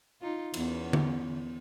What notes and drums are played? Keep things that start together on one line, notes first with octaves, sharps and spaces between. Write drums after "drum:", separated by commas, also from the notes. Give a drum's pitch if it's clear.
D#4 F4
E2 B3 C#4, drum: cymbal
drum: tom D3